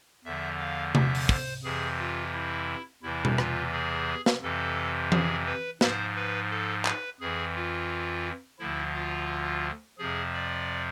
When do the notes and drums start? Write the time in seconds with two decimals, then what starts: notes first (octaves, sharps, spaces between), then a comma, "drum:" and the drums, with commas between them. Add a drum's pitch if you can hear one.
0.25 E2 D3 F3 E5
0.60 F5
0.95 E5, drum: tom C3
1.15 drum: open hi-hat
1.29 C5, drum: kick
1.64 F2 C3 E3 G#4
1.98 F4
2.34 E4
3.03 E2 C3 E3 E4
3.25 drum: tom B2
3.38 F4, drum: rim click
3.72 G#4
4.26 drum: snare
4.42 F2 C3 E3 A4
5.12 G#4, drum: tom E3
5.46 B4
5.81 G#2 F3 C5, drum: snare
6.15 B4
6.50 A4
6.85 B4, drum: clap
7.20 F2 E3 G#4
7.55 F4
8.59 D2 D3 F3 E4
8.94 F4
9.98 F2 C3 F3 G#4
10.33 D5